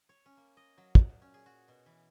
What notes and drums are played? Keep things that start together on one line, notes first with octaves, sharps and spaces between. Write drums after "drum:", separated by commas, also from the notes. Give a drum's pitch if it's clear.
C#5
C#4
A#3
D#5
F#3
F#5, drum: kick
A#2
C#4
G#4
F#4
B2
E3